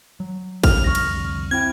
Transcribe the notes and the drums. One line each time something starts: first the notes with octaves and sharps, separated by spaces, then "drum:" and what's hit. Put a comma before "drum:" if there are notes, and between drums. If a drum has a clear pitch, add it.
F#3
F6, drum: kick, cymbal
C2 F2 D3 C#6 A#6
drum: cymbal
C4 E4 G5 G#6